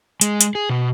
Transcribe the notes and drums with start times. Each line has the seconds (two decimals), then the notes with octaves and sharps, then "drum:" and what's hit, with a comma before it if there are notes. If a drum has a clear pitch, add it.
0.21 G#3, drum: hi-hat
0.41 drum: hi-hat
0.55 G#4
0.69 B2